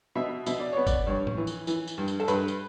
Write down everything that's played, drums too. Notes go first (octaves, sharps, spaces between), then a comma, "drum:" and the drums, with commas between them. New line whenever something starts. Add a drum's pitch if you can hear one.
B2 E5
B2 E5, drum: tambourine
D5
B3 C#5
D5, drum: kick, tambourine
G2 C#5
drum: tom
E3
drum: tambourine
E3, drum: tambourine
drum: tambourine
G2
drum: tambourine
A4
G2 B4, drum: tambourine
drum: tambourine